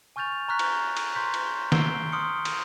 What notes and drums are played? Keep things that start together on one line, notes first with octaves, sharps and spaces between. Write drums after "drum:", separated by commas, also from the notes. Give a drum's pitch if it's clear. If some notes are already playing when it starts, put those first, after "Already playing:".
G#5 C#6 F6 G6 A6 F7
A#5 C#6 F6 F#6 B6
drum: cymbal
drum: cymbal
A#5 C6 G6 B6
drum: cymbal
A#5 E6 G6 C7 D7 G7, drum: snare
C6 D#6 F6 C#7
drum: cymbal